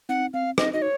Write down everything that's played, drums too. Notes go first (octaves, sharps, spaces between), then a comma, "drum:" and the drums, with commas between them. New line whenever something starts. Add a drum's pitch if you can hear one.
C4 D#4 F#5
C4 F5
C4 D#4 D#5, drum: rim click
D#4 F#4 D#5
C#5